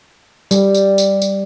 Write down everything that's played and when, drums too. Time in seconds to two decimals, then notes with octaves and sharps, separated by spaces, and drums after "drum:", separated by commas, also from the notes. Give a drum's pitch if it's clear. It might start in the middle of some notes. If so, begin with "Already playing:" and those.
0.51 G3, drum: tambourine
0.75 drum: tambourine
0.98 drum: tambourine
1.22 drum: tambourine